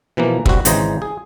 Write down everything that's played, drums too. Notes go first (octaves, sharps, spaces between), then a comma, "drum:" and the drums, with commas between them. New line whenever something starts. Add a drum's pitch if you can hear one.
B2 E3 F3 A#3
G3 C4 F#4, drum: kick
G#1 C#3 E3 C5 D#5 A#5, drum: hi-hat
G#4